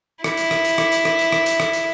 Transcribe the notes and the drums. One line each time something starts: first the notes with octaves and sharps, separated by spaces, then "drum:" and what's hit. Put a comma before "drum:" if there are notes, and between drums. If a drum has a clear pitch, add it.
E4, drum: rim click
drum: hi-hat
drum: rim click
drum: hi-hat
drum: rim click
drum: hi-hat
drum: rim click
drum: hi-hat
drum: rim click
drum: hi-hat
drum: rim click
drum: hi-hat